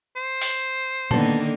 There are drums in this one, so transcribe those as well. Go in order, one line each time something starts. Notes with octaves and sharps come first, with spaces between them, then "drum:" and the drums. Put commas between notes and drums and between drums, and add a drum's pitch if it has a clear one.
C5
drum: open hi-hat
D3 D#3 A#3 B3 A4, drum: tom A#2